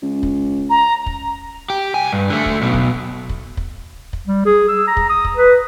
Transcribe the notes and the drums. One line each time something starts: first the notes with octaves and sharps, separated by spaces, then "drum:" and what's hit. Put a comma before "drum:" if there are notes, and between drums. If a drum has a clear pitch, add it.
C#2
drum: kick
A#5
drum: kick
G4
C2 G#5
G2
D3 A3
drum: kick
B1 B2
drum: kick
drum: kick
drum: kick
drum: kick
G3
G#4
E6
A#5
drum: kick
D#6
drum: kick
B4